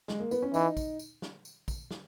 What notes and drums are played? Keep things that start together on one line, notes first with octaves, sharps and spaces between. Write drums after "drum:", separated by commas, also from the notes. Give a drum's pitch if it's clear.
G#3, drum: snare
A#3
B3, drum: tambourine
C#4
E3 D#4, drum: tambourine
drum: kick, tambourine
drum: tambourine
drum: snare
drum: tambourine
drum: kick, tambourine
drum: snare